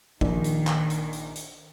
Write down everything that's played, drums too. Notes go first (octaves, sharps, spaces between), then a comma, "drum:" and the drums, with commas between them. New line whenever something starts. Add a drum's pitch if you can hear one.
A#1 D#3, drum: kick G#1
drum: hi-hat
drum: clap
drum: hi-hat
drum: hi-hat
drum: hi-hat